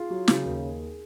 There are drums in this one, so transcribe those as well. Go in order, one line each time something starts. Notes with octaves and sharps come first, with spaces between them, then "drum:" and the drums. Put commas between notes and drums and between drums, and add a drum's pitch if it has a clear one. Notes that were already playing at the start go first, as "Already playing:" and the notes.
Already playing: F4 G#4
F#3
C#3, drum: snare
D#2